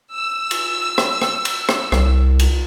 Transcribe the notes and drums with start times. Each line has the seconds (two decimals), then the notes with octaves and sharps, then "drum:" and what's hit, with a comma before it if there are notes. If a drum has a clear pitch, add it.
0.13 E6
0.51 drum: cymbal
0.98 drum: rim click
1.22 drum: rim click
1.45 drum: cymbal
1.69 drum: rim click
1.92 C2, drum: rim click
2.39 drum: cymbal